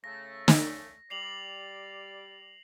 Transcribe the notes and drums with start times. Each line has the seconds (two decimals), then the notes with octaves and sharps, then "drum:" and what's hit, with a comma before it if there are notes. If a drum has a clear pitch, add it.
0.04 C#3 A3 A#6
0.48 drum: snare
1.10 G3 D5 C7 F7 F#7